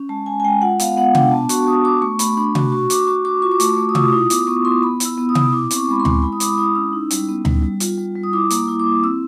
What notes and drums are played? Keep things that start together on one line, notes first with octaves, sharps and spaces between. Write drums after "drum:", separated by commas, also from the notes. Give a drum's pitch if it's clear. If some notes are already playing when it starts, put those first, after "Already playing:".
Already playing: C#4
G#3 A5
G#3 G#5
G#5
G#3 G5
F4 F#5
B3 F5, drum: hi-hat
B3 F#5
D4 G5, drum: tom C3
B3 A5
F#4 C#6, drum: hi-hat
F#4 D#6
F#4 D6
A3 C#6
A3 B5, drum: hi-hat
D4 B5
F#4, drum: tom C3
F#4 C#6
F#4 D6, drum: hi-hat
F#4 C#6
F#4 D6
F4 C#6
D6
A3 C#6, drum: hi-hat
A3 D6
D#6
F4 E6, drum: tom C3
E4 D#6
B3 D6, drum: hi-hat
B3 C#6
E4 C6
B3 B5
E4, drum: hi-hat
E6
B3
D#6
B3, drum: tom C3
E4 D6
C4, drum: hi-hat
C#6
G#3 B5
C6
G#3, drum: tom D2
E4 B5
D#6
G#3 D6, drum: hi-hat
E4 D#6
C#4 E6
D#4
G3, drum: hi-hat
B3
G3, drum: tom D2
G3
F4, drum: hi-hat
G3
G3
D#6
E4 D6
A#3, drum: hi-hat
E4
D6
E4
C4 E6